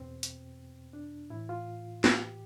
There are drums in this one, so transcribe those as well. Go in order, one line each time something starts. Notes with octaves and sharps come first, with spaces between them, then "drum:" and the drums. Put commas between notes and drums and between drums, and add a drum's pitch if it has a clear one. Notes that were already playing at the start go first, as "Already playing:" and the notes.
Already playing: E2 B2 C4
drum: hi-hat
D4
A2 E3 E4
F4
G4, drum: snare